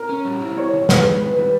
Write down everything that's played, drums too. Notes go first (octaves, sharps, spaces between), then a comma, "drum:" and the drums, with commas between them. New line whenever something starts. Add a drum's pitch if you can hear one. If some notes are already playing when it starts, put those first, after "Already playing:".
Already playing: A#4
C#4
G3
E4
G3 C#5
D#3
B3 B4, drum: snare
G#3
D#3 B4
G3 B4